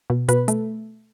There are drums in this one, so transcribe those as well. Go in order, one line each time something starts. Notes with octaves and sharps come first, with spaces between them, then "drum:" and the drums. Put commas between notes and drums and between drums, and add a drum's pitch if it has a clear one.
B2
B2 B4, drum: hi-hat
A3, drum: hi-hat